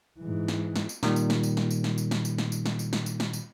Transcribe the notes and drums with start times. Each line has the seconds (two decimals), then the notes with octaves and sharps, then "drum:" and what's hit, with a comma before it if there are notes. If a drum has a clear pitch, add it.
0.20 G#2 E3
0.48 drum: snare
0.76 drum: snare
0.89 drum: tambourine
1.03 A#2 D#3 G3, drum: snare
1.16 drum: tambourine
1.30 drum: snare
1.43 drum: tambourine
1.57 drum: snare
1.71 drum: tambourine
1.84 drum: snare
1.98 drum: tambourine
2.11 drum: snare
2.25 drum: tambourine
2.38 drum: snare
2.52 drum: tambourine
2.66 drum: snare
2.79 drum: tambourine
2.93 drum: snare
3.06 drum: tambourine
3.20 drum: snare
3.33 drum: tambourine